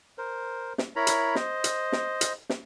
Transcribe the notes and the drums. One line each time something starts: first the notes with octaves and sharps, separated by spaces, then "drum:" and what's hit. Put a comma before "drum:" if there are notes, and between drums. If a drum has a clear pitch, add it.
A#4 C5
drum: snare
E4 A#4 C#5 A#5 B5
drum: hi-hat
C5 D#5, drum: snare
drum: hi-hat
drum: snare
drum: hi-hat
drum: snare